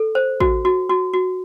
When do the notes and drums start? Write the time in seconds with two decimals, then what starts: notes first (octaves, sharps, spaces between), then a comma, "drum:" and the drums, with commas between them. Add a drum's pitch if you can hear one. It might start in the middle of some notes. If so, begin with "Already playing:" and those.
Already playing: A4
0.15 C5
0.40 F#4, drum: kick A1
0.65 F#4
0.90 F#4
1.14 F#4